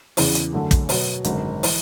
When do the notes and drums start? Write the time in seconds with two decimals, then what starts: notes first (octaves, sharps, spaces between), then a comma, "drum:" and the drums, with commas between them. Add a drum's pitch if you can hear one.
0.17 E2 C#3 E3, drum: open hi-hat
0.35 drum: hi-hat
0.53 F#2 D3 A3
0.71 drum: kick, hi-hat
0.89 B2 F#3 B3, drum: open hi-hat
1.24 G#1 F#2 D3, drum: hi-hat
1.63 E3, drum: open hi-hat